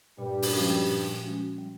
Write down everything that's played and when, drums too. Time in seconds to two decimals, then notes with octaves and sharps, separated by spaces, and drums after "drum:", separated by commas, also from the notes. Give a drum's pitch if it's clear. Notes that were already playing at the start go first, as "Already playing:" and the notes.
0.18 G2 A#2 G3
0.42 drum: open hi-hat
0.54 F3 G#3 C#4 F#4
0.88 A#2
1.24 F3 G#3 C#4 F#4
1.58 G3